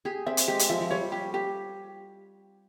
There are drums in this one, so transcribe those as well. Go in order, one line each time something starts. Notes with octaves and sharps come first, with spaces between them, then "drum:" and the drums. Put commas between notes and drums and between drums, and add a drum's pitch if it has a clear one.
G4 G#4
C4 E5
drum: hi-hat
G#3 G4
drum: hi-hat
F3 E5
F3
G3 C#5
G4
G4